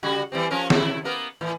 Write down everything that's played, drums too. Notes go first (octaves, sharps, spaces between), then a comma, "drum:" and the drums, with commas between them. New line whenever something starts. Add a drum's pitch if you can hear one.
C#3 G3 F#4
E3 G3 C4
F3 C#4 A#4
C3 E4, drum: snare
A#3 B3 A#4
A2 E3